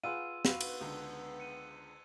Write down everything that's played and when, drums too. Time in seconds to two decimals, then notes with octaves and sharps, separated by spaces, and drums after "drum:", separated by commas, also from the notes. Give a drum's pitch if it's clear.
0.03 F4 G#4 B4 F#5 C6 E6 D#7
0.45 B3 F#4 B4 F5, drum: snare
0.61 drum: cymbal
0.81 C#2 D3
1.40 C#7 D#7